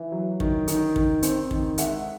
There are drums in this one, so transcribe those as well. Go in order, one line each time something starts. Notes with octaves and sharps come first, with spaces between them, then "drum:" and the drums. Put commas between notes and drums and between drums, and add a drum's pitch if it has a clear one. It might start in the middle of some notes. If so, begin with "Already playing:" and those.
Already playing: E3
F#3
D#3, drum: kick
D#3, drum: hi-hat
D#3, drum: kick
C4, drum: hi-hat
D#3, drum: kick
G#3 E5 F#5, drum: hi-hat